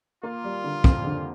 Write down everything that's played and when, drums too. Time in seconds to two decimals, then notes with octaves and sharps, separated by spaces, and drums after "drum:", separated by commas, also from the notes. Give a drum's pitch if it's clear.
0.23 A#3 F4
0.44 G3
0.64 D3
0.84 F2, drum: kick
1.05 D3